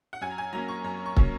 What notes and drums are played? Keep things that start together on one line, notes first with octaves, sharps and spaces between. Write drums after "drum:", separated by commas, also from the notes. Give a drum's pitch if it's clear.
F#5
F#2 G#5
A#5
G#5
F#3 A#3 C#4 A#5
C#6
F#2 A#5
C#6
F#3 A#3 C#4, drum: kick